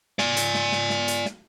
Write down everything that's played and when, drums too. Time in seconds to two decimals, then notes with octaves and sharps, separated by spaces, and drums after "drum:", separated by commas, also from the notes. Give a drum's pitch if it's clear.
0.19 D5 G#5, drum: snare
0.37 drum: hi-hat
0.54 drum: snare
0.72 drum: snare
0.90 drum: snare
1.08 drum: hi-hat
1.26 drum: snare